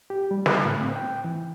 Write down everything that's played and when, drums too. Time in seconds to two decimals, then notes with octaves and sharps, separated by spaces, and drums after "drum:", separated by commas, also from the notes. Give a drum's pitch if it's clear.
0.10 G4
0.31 G3
0.46 F#6, drum: snare
0.65 A2
0.81 C4
0.96 G5
1.24 E3